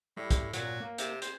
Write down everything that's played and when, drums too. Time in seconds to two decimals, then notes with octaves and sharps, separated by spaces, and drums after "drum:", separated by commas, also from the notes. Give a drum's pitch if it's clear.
0.17 A2 G3
0.31 drum: kick, hi-hat
0.53 A#2 F#3, drum: hi-hat
0.80 A#3
0.98 C3, drum: hi-hat
1.22 C5, drum: hi-hat